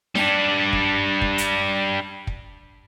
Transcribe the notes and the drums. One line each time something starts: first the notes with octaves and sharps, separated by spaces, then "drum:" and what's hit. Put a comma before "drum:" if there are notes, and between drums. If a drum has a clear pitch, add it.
G3 D4, drum: snare D#4
drum: kick
drum: kick
drum: hi-hat
drum: kick